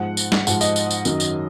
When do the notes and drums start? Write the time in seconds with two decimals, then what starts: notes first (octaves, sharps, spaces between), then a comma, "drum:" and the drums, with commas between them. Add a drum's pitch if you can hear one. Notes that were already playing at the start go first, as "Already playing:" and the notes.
Already playing: G#2 F3 F#5
0.17 drum: tambourine
0.32 drum: snare
0.47 G#2 F3 F#5, drum: tambourine
0.61 D#5, drum: tambourine
0.76 drum: tambourine
0.91 drum: tambourine
1.05 F#2 D#3 F#3, drum: tambourine
1.20 drum: tambourine